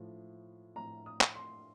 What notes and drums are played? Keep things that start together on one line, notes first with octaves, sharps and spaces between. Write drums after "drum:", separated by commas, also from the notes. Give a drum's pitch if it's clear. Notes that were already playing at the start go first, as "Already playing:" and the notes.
Already playing: A2 F3
A2 F3 A#5
D#6
drum: clap
C6